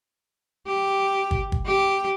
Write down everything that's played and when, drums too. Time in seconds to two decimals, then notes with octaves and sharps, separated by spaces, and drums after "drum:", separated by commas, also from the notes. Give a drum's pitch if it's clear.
0.67 G4
1.31 drum: kick
1.52 drum: kick
1.66 G4